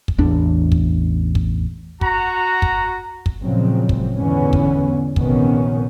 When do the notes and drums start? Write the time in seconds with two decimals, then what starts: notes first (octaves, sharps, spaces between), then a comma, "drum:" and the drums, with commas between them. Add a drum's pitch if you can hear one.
0.08 drum: kick
0.18 A1 E2 D4
0.72 drum: kick
1.35 drum: kick
2.01 F#4 A#5, drum: kick
2.62 drum: kick
3.26 drum: kick
3.43 A#2 C#3 F3 F#3 G#3 C4
3.89 drum: kick
4.15 E2 G#2 D3 E3 B3 C#4
4.53 drum: kick
5.16 A#1 C3 D#3 B3 C#4, drum: kick